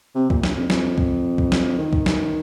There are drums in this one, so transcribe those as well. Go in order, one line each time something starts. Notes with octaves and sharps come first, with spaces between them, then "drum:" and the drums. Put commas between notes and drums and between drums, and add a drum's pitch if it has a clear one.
C3
A#2, drum: kick C2
G2, drum: snare
F2
F2, drum: snare
drum: kick C2
drum: kick C2
drum: snare
D#3
drum: kick C2
drum: snare